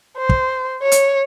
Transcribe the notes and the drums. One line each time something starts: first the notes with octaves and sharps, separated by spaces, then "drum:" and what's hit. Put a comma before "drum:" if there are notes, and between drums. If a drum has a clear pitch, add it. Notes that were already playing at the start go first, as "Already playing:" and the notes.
C5
drum: kick
C#5
drum: hi-hat